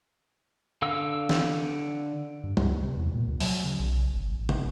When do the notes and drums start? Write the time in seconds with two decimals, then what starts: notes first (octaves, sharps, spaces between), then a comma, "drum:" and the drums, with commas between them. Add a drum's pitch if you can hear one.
0.82 D3 F5 E6
1.29 drum: snare
2.44 G2
2.57 C#2, drum: tom G3
2.82 C3
2.97 E2
3.14 A#2
3.27 D2
3.40 F#3, drum: open hi-hat
3.64 C#3
3.80 B1
4.13 G1
4.31 A1
4.49 G#1, drum: tom